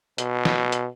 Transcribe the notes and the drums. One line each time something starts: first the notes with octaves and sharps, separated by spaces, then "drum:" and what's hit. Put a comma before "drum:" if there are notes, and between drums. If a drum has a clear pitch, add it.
B2, drum: hi-hat
drum: snare
drum: hi-hat